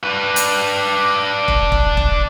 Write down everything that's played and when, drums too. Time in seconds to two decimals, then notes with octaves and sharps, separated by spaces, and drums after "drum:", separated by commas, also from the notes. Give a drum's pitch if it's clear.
0.04 D4 B4
0.36 drum: hi-hat
1.48 drum: kick E1
1.72 drum: kick E1
1.97 drum: kick E1